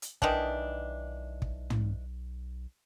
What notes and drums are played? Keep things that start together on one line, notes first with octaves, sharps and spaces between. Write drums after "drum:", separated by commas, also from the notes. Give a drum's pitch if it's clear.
drum: hi-hat
B1 D#3 E3 D4, drum: kick
drum: kick
drum: tom